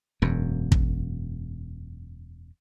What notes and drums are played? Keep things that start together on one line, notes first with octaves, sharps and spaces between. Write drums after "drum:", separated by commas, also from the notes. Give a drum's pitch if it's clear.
E1 F#2
drum: kick